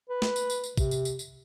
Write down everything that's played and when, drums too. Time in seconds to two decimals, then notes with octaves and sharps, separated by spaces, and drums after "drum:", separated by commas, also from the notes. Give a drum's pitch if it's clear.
0.10 B4
0.22 drum: snare
0.36 drum: tambourine
0.50 drum: tambourine
0.64 drum: tambourine
0.77 C3, drum: kick, tambourine
0.91 drum: tambourine
1.05 drum: tambourine
1.19 drum: tambourine